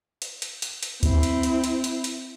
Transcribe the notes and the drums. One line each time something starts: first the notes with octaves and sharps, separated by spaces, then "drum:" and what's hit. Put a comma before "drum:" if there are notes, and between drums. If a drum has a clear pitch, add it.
drum: hi-hat
drum: hi-hat
drum: hi-hat
drum: hi-hat
C4 E4, drum: kick D2, hi-hat
drum: hi-hat
drum: hi-hat
drum: hi-hat
drum: hi-hat
drum: hi-hat